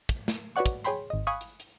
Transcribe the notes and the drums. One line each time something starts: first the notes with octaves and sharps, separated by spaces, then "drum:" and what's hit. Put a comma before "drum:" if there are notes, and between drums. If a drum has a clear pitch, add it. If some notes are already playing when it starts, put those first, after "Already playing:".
drum: kick, hi-hat
drum: snare
F#4 B4 C#5 D5 F#5 C#6
drum: kick, hi-hat
G#4 C#5 G5 B5 C6, drum: hi-hat
G#1 D#5
F5 G#5 B5 C#6 D#6 F#6
drum: hi-hat
drum: hi-hat